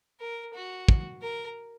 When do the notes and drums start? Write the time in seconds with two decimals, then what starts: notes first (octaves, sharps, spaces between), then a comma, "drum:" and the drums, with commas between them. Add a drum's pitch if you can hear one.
0.20 A#4
0.55 F#4
0.88 drum: kick
1.22 A#4